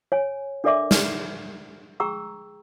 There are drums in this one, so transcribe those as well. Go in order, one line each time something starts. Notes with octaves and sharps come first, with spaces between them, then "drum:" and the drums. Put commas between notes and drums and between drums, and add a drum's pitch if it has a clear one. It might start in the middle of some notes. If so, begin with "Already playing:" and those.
C#5 G#5
D4 A4 A#4 D5 E5 D6
drum: snare
G#4 G5 A#5 C#6 E6